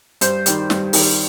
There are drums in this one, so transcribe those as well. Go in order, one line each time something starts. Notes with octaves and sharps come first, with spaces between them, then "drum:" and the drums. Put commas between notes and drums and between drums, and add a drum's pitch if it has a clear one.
G2 C5, drum: hi-hat
D#3 G3, drum: hi-hat
G2, drum: snare
D#3 G3, drum: open hi-hat